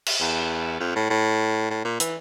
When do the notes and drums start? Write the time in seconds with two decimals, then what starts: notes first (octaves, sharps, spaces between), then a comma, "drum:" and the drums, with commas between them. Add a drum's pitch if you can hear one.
0.06 drum: cymbal
0.21 E2
0.80 F2
0.96 A2
1.10 A2
1.71 A2
1.85 A#2
2.00 E3, drum: hi-hat